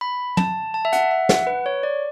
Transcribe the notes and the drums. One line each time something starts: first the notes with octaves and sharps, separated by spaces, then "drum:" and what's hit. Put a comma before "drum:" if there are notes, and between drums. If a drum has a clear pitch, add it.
B5
A5, drum: tom
A5
E5
F#5, drum: hi-hat
E5
F#5, drum: snare
B4
C#5
D5